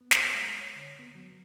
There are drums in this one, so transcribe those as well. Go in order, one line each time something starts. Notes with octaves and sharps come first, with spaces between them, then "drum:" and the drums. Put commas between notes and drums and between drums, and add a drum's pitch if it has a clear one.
B3
drum: snare
G#3
C#5
D3
B3
F#3